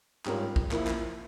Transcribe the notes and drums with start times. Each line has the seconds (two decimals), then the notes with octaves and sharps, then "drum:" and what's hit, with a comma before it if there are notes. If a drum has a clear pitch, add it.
0.26 G#2 G3 C#4 F4 A#4, drum: clap
0.56 drum: kick A#1
0.71 F3 A#3 E4 A#4, drum: clap
0.87 drum: clap